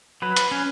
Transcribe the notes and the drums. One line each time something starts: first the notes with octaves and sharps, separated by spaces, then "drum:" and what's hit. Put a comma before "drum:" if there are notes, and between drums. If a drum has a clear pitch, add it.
F#3 B4
drum: hi-hat
C#4